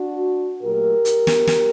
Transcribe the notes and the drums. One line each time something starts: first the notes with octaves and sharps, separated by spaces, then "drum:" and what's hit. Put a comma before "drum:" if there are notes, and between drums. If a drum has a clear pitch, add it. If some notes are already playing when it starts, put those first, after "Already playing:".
Already playing: D4 F#4
A#2 F#3 A3 G4 A#4
drum: hi-hat
drum: snare
drum: snare